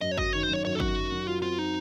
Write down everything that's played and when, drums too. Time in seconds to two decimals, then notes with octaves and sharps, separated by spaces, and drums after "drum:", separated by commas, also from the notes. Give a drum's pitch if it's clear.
0.01 F#2 D#5
0.11 C#5
0.17 F#3 D#5, drum: kick G1
0.33 D#3 C#5
0.43 C5
0.49 F#2 C#5
0.64 F#2 C#5
0.75 A4
0.80 F#2 F#4, drum: kick G1
0.96 F#3
1.12 F#2
1.27 F4 F#4
1.42 C4 F4
1.59 C4 D#4